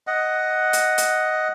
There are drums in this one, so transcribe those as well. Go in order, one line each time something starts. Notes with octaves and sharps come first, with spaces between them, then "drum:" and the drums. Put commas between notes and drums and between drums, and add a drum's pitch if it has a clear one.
D#5 F#5
drum: hi-hat
drum: hi-hat